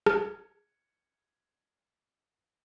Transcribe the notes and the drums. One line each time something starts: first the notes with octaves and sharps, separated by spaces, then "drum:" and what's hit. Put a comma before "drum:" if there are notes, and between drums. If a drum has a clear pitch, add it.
G#6 C#7, drum: rim click